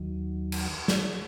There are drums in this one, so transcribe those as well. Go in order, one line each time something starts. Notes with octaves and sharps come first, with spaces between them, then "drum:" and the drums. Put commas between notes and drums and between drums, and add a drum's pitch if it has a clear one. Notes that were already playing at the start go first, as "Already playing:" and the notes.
Already playing: D#2 D#3 F#3
drum: cymbal
drum: snare